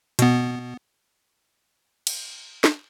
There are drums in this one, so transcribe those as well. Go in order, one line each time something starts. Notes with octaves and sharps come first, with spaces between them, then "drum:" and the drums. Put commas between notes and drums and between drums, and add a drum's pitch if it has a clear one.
B2 B3, drum: hi-hat
drum: cymbal
drum: snare